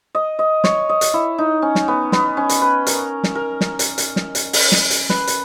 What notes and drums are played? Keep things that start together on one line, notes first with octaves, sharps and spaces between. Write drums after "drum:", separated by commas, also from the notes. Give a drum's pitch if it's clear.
D#5
D#5
C#5, drum: snare
D#5
drum: hi-hat
E4
D#4
C#4
drum: snare
B3
B3, drum: snare
C#4
drum: hi-hat
B4
A#4, drum: hi-hat
drum: snare
A#4
drum: snare
drum: hi-hat
drum: hi-hat
drum: snare
drum: hi-hat
drum: open hi-hat
drum: snare
drum: hi-hat
B4, drum: snare
drum: hi-hat